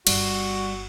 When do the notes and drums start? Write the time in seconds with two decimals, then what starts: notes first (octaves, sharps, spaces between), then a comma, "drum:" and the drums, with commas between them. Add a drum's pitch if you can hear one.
0.07 G1 G3 F#4, drum: cymbal